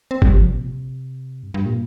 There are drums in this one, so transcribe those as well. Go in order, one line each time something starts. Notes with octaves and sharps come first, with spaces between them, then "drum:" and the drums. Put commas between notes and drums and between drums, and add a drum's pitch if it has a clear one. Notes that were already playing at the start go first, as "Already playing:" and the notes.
C4
G3, drum: kick
F3
C3
A#2
C3
G2
G2
A#2